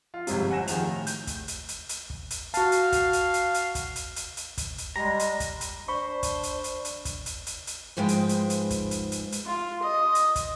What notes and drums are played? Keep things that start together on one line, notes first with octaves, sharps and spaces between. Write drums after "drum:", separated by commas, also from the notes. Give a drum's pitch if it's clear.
F4
G1 F2 G#2 C3, drum: hi-hat
F#5 G#5 A#6 E7
D#3 F3 G#4 F7, drum: hi-hat
A2
G6, drum: hi-hat
drum: kick, hi-hat
drum: hi-hat
drum: hi-hat
drum: hi-hat
drum: kick
drum: hi-hat
F#4 F5 A5, drum: hi-hat
drum: hi-hat
drum: kick, hi-hat
drum: hi-hat
drum: hi-hat
drum: hi-hat
drum: kick, hi-hat
drum: hi-hat
drum: hi-hat
drum: hi-hat
drum: kick, hi-hat
drum: hi-hat
G3 G#3 A#5
drum: hi-hat
drum: kick, hi-hat
drum: hi-hat
D4 C5 B5 C#6
drum: kick, hi-hat
drum: hi-hat
drum: hi-hat
drum: hi-hat
drum: kick, hi-hat
drum: hi-hat
drum: hi-hat
drum: hi-hat
G#2 F3 G#3 B4 G5
drum: hi-hat
drum: hi-hat
drum: hi-hat
drum: kick, hi-hat
drum: hi-hat
drum: hi-hat
drum: hi-hat
F4
D#5
drum: hi-hat
drum: kick, hi-hat